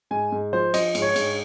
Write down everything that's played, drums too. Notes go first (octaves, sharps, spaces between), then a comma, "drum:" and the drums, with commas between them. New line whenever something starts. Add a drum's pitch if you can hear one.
G#2 G#5
G#2
F3 C5
F3 D#5, drum: cymbal
G#2, drum: cymbal
C#5
G#2, drum: cymbal